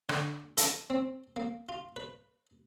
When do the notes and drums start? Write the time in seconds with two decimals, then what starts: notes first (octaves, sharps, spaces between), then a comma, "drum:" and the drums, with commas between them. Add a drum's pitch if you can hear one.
0.09 D3, drum: rim click
0.57 A4, drum: hi-hat
0.90 C4
1.36 A#3
1.69 F4
1.96 B4